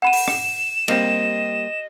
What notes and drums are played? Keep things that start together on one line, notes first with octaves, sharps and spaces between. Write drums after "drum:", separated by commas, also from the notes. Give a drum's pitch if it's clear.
F#5 B5 D#7 E7
drum: open hi-hat
drum: rim click
G3 A#3 C4 D#5, drum: cymbal